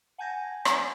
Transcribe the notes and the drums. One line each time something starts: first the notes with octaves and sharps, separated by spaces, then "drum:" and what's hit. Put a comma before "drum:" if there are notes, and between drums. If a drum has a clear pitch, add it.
F#5 G#5 A5 G6 G#6 A#6
drum: rim click